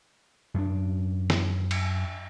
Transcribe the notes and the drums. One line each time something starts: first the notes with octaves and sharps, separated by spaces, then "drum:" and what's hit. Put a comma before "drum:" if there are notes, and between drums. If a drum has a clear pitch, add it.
F#2 D4
drum: snare
drum: cymbal